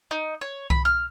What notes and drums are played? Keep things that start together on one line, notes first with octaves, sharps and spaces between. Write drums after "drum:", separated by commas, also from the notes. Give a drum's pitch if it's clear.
D#4
C#5
B5, drum: kick C2
F6